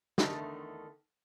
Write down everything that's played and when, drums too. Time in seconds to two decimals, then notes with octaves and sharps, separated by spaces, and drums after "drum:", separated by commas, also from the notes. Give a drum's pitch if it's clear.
0.18 E2 D3 D#3 A3, drum: snare